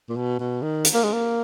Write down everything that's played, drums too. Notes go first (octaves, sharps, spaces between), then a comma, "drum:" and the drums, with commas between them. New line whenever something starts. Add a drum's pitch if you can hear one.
A#2
B2
B2
D#3
drum: hi-hat
A#3
G#3
A#3